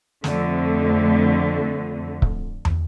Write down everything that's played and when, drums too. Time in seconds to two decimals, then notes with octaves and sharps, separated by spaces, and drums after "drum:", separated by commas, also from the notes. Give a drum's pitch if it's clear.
0.24 F2 D3 A3, drum: snare
2.22 drum: kick C#1
2.65 drum: tom